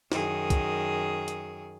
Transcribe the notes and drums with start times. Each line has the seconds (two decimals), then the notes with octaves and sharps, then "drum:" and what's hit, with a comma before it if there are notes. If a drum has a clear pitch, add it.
0.12 F#2 D#3 G#4, drum: snare
0.50 drum: kick, hi-hat
1.28 drum: hi-hat